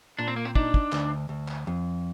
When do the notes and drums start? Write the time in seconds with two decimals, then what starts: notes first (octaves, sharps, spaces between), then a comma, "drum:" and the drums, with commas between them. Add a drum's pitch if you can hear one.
0.19 A#2 D4
0.28 C4
0.36 A#3
0.45 C4
0.55 D4 D#4, drum: kick
0.74 drum: kick
0.92 D2, drum: clap
1.29 D2
1.48 drum: clap
1.67 F2